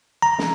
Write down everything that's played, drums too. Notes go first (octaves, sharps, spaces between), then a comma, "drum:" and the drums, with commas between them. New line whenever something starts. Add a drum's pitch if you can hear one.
A#5
drum: snare